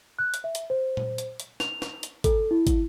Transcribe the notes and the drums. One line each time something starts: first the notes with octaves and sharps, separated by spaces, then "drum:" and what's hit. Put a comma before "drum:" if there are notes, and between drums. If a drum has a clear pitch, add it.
F#6
drum: hi-hat
E5
drum: hi-hat
C5
drum: tom A#2
drum: hi-hat
drum: hi-hat
F7, drum: snare
drum: snare
drum: hi-hat
A4, drum: kick, hi-hat
E4
drum: kick, hi-hat